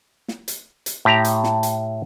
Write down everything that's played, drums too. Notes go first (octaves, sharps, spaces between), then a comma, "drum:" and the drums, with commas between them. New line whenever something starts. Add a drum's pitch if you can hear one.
drum: snare
drum: hi-hat
drum: hi-hat
A2 G4 A#5
drum: hi-hat
drum: snare
drum: hi-hat